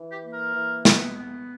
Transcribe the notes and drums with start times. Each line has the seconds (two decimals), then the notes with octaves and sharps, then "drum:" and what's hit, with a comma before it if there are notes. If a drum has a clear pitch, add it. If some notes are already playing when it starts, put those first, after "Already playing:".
Already playing: E3
0.12 G4
0.23 A#3
0.33 A#4
0.54 E3
0.85 B3, drum: snare
1.17 B3